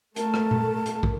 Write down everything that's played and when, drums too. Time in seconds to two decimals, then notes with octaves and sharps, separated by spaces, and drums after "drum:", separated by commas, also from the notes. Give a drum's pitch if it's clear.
0.16 A3 A#4 A5, drum: hi-hat
0.34 drum: rim click
0.51 drum: tom A#2
0.86 drum: hi-hat
1.03 drum: kick